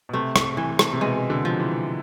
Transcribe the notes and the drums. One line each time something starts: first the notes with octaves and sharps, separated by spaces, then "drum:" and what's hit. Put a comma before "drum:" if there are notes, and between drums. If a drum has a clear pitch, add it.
B2
C3 A3
drum: rim click
E3
drum: rim click
C3
B2 G#3
D3
F3
E3